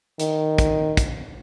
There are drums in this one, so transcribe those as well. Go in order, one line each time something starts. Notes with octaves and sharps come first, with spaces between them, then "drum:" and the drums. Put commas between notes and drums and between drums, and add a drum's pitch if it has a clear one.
D#3, drum: hi-hat
drum: kick, hi-hat
drum: kick, hi-hat